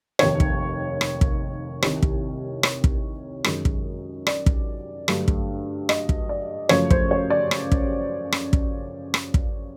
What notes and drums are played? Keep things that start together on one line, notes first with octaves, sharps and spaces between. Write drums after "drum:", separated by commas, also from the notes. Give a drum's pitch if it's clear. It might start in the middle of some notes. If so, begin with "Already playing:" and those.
F1 D#2 D#3 C#5, drum: rim click
drum: kick
drum: rim click
drum: kick
C2 C3 D#3 C#5, drum: rim click
drum: kick
C#5, drum: rim click
drum: kick
F#2 D#3 G#3, drum: rim click
drum: kick
D5, drum: rim click
drum: kick
G2 D3 F#3 A3, drum: rim click
drum: kick
D#5, drum: rim click
drum: kick
D5
F#2 C#3 F3 A3 C#5, drum: rim click
C5, drum: kick
C#5
D5
drum: rim click
drum: kick
drum: rim click
drum: kick
drum: rim click
drum: kick